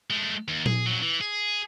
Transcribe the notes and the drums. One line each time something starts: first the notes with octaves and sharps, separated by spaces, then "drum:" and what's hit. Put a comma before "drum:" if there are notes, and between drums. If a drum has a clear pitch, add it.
G#3 A3
D#2
G#4, drum: tom A#2
F2 F#3
E3
G#4